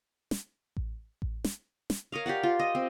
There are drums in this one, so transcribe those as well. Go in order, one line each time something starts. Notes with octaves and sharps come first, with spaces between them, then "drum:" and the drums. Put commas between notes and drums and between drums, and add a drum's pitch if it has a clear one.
drum: snare
drum: kick A1
drum: kick A1
drum: snare
drum: snare
A#4 C#5 D#5 F5
G4 D5 F5 F#5
F4
D#5
C4